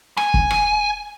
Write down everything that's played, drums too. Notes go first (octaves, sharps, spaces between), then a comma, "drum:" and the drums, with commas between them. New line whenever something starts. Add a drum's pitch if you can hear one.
G#5, drum: rim click
drum: kick
drum: rim click